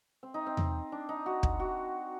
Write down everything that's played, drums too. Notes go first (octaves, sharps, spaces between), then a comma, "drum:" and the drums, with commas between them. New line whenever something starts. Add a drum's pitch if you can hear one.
C4
D#4
C4
drum: tom E2
D4
D#4
F#4
drum: kick
F#4